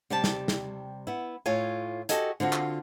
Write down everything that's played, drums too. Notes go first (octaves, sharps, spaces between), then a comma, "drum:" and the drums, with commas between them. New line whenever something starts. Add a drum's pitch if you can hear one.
C3 G3 G4 A5
drum: snare
drum: snare
B3 E4
A2 F4 C#5 G#5
F#4 G4 A4 D#5 G#5, drum: hi-hat
D3 C4 F4 F#4
drum: clap